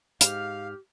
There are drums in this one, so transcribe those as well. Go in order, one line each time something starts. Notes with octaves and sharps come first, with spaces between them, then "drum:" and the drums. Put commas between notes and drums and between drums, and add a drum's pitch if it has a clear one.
G#2 G4 F5 F6, drum: hi-hat